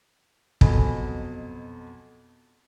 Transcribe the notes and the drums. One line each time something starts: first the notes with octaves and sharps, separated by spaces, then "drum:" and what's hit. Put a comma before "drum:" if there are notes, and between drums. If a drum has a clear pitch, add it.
F2 B2 F#3 D#5 G#5 B5, drum: kick